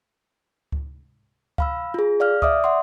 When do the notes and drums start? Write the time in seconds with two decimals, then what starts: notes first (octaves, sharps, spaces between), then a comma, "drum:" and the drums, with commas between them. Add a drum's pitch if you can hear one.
0.72 drum: kick C#2
1.58 F5 B5 E6, drum: kick C#2
1.94 F4 G#4
2.20 D5 F5 F6
2.42 D5 E5 D6 D#6, drum: kick C#2
2.64 E5 F#5 C6